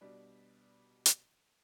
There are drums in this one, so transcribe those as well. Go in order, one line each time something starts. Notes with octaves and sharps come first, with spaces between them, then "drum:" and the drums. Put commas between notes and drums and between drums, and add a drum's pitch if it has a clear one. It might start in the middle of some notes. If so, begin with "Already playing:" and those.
B2 G3 D4
drum: hi-hat